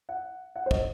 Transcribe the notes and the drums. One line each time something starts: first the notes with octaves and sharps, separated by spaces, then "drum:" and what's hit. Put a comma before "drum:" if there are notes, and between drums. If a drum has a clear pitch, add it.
F#5
F#5
C5
D#5, drum: kick